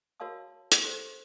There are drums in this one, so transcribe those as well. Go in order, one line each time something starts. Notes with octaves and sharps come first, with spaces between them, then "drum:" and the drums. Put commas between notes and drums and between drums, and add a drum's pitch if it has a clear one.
F#4 A#4 C#5 F5 A5 D#6
drum: hi-hat
G4 A4 C5